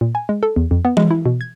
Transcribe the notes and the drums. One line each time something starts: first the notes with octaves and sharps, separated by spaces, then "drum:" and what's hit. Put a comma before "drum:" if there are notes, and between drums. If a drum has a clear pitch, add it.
A#2
G#5
G#3
A4
E2
F2
B3
G#3, drum: tom E3
E4
B2
G#6